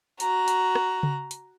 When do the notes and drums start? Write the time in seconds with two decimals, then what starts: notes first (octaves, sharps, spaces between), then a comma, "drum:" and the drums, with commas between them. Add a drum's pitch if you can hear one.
0.20 F#4 A#5, drum: hi-hat
0.48 drum: hi-hat
0.75 drum: rim click
1.03 drum: tom C#3
1.31 drum: hi-hat